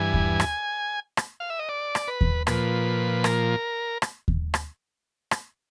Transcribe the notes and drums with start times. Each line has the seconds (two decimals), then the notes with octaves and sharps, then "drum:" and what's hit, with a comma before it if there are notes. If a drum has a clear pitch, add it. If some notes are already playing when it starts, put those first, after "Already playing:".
Already playing: G2 E3 G#5
0.14 drum: kick D#2
0.40 drum: rim click
1.17 drum: rim click
1.40 F5
1.50 E5
1.59 D#5
1.69 D5
1.95 drum: rim click
2.08 B4
2.21 drum: kick D#2
2.47 A#2 F3 B4, drum: rim click
3.24 A#4, drum: rim click
4.02 drum: rim click
4.28 drum: kick D#2
4.54 drum: rim click
5.31 drum: rim click